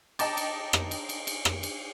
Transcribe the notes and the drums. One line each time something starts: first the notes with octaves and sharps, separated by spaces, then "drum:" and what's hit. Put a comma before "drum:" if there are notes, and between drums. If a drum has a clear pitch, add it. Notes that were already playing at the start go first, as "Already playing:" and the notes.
D#5 G5 A5 A#5 D6 A6, drum: cymbal
drum: cymbal
drum: rim click
drum: cymbal
drum: cymbal
drum: cymbal
drum: rim click
drum: cymbal